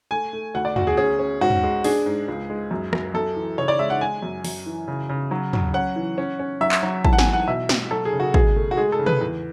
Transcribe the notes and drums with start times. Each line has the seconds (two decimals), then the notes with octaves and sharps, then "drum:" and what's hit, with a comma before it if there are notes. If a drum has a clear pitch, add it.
0.11 A3 G#5
0.33 A3
0.54 D2 F#5
0.65 D5
0.76 D2 F#4, drum: tom
0.87 G#4
0.97 C#4 G#4
1.19 C#4
1.41 G#2 F#4
1.50 drum: tom
1.63 G#3
1.84 D4 G#4, drum: open hi-hat
2.06 G#2
2.28 C#2
2.50 G#3
2.71 F#2
2.93 F#2, drum: rim click
3.14 F#2 A4
3.36 E3
3.58 C#3 C#5
3.68 D5
3.79 G#3 E5
3.90 F#5
4.01 G#3 G#5
4.23 F#2
4.45 F#2, drum: open hi-hat
4.66 E3
4.88 C#3
5.09 C#3
5.31 F#3
5.53 F#3, drum: tom
5.74 C#4 F#5
5.96 E3
6.18 C#4
6.39 C#4
6.61 F#3 E5
6.72 drum: clap
6.83 F#3
7.05 E3 A5, drum: kick
7.13 F#5
7.19 G#5, drum: snare
7.26 E3
7.33 F#5
7.48 B2 E5
7.69 B2, drum: snare
7.91 F#3 A4
8.05 G#4
8.13 C#3
8.20 F#4
8.34 B2 G#4, drum: kick
8.56 A3
8.71 F#4
8.77 G#3 G#4
8.92 A4
8.99 C#3
9.06 B4, drum: tom
9.21 E2